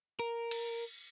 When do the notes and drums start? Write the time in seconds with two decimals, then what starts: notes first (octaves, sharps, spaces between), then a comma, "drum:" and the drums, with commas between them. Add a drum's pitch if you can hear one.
0.19 A#4
0.51 drum: cymbal